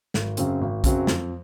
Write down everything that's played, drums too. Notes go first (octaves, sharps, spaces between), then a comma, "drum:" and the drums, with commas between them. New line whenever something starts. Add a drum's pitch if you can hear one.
G#1, drum: snare
F#2 C#3 F#3 C4, drum: hi-hat
G#1
F#2 C#3 F#3 C4, drum: kick, hi-hat
F2, drum: snare